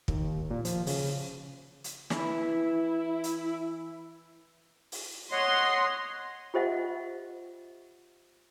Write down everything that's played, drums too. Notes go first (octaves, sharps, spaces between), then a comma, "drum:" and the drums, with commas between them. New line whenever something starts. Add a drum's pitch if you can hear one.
D#2, drum: kick
A#2
F3, drum: hi-hat
C#3, drum: open hi-hat
drum: hi-hat
E3 E4, drum: snare
drum: hi-hat
drum: open hi-hat
C#5 D#5 F#5 C6
F4 G4 C5 D#5 E5 F#5